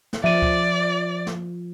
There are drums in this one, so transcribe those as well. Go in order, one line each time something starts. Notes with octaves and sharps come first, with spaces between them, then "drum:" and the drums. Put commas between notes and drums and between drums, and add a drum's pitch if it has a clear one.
drum: snare
F3 D5 E5 D#7
drum: kick C#2
drum: snare